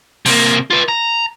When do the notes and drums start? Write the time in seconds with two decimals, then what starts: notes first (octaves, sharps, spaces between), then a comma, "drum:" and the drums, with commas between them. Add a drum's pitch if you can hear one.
0.26 C3 A#3, drum: open hi-hat
0.70 F4 B4
0.88 A#5